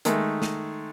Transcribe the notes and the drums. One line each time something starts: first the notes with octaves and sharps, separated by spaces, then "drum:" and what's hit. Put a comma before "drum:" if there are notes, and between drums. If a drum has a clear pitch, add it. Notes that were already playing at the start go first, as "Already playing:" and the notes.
D#3 G#3 A3, drum: hi-hat
drum: snare